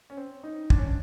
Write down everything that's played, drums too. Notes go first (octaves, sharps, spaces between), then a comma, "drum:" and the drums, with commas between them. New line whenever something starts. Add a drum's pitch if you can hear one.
C#4
C4
D#4
D4, drum: kick
C#4
D4